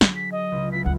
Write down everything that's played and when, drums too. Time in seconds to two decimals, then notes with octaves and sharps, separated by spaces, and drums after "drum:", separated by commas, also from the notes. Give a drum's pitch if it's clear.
0.01 D3 F#3 G#4, drum: snare
0.15 B6
0.32 D#5
0.52 C#2 C#3
0.72 B3 E4 F4 B6
0.85 F#1 D2 F#5